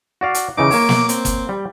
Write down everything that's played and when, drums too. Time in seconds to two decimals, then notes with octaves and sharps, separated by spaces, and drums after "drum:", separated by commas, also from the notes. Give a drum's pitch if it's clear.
0.21 F#4 D5 F5
0.35 drum: hi-hat
0.57 C#3 E3 D#4 D6
0.71 A#3 C#5, drum: open hi-hat
0.89 drum: snare
1.09 C4, drum: hi-hat
1.25 drum: kick F#1, hi-hat
1.49 G3